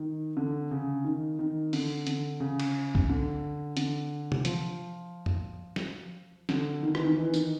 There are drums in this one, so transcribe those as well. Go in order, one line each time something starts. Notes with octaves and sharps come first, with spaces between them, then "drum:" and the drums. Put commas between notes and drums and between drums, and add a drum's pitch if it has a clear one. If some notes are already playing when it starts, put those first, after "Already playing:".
Already playing: D#3
D3
C#3
D#3
D#3
D3, drum: open hi-hat
D3, drum: hi-hat
C#3
drum: cymbal
drum: kick C2
D3
D3, drum: hi-hat
drum: tom
F3, drum: hi-hat
drum: tom F2
drum: snare
D3, drum: snare
D#3
E3, drum: rim click
D#3
E3
D#3, drum: tambourine